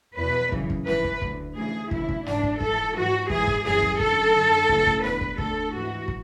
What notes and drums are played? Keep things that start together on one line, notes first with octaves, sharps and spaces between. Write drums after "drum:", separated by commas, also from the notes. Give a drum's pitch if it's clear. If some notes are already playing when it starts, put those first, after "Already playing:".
E2 B2 B4
F#2 C#3 E3, drum: kick
drum: kick
G#2 E3 B4, drum: snare
drum: kick
D2 D3, drum: kick
D2 C#3 E3 G#4
D2 C#3 E3 E4, drum: kick
drum: kick
G#2 E3 D4, drum: snare
drum: kick
G#2 E3 A4, drum: kick
G#2 E3 F#4
G#2 E3 G#4, drum: kick
drum: kick
F#2 E3 G#4, drum: snare
drum: kick
F#2 D3 A4, drum: kick
F#2 D3
D2 C#3 E3, drum: kick
drum: kick
E2 D3 B4, drum: snare
drum: kick
D2 D3 A4, drum: kick
G#2 E3 F#4
drum: kick